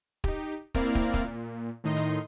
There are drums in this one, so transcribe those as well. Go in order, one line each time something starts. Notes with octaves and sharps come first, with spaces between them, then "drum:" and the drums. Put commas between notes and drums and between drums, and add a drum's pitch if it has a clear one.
D#4 G4, drum: kick
A#3 C4 E4 A#4 D5 F5, drum: kick
drum: kick
drum: kick
A#2
A2 D#3 D#4 D#5 C6
drum: hi-hat